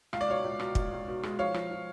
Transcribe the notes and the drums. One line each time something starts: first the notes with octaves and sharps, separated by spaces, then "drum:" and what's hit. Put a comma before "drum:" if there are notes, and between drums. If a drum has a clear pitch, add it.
C#2 F5, drum: rim click
D5
B2 C#5 F5
C#2
B2, drum: rim click
C#2, drum: kick
C#2
B2
G#3, drum: rim click
F3 C#5 F5
F3, drum: rim click
F3